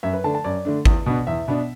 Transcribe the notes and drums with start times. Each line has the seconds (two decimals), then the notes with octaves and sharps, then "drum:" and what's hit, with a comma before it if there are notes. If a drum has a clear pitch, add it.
0.03 F#2 E5
0.13 B4
0.24 D3 A3 D4 A5
0.35 A5
0.44 F#2 D5
0.65 D3 A3 D4
0.85 E2, drum: kick G#1
1.06 B2 B3 D4
1.27 E2 E5
1.48 B2 B3 D4